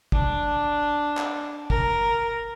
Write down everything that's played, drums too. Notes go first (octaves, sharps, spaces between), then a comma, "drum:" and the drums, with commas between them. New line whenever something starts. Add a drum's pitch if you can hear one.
D4, drum: kick
drum: clap
A#4, drum: kick